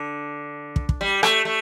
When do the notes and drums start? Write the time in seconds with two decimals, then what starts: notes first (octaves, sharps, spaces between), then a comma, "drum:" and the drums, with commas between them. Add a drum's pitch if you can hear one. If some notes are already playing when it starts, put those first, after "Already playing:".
Already playing: D3
0.76 drum: kick
0.89 drum: kick
1.01 G3
1.23 A3, drum: rim click
1.45 A3